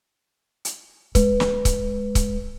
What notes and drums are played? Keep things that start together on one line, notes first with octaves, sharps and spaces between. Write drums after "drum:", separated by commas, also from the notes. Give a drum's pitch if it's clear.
drum: hi-hat
G#3 B4, drum: kick C#1, hi-hat
drum: snare
drum: kick C#1, hi-hat
drum: kick C#1, hi-hat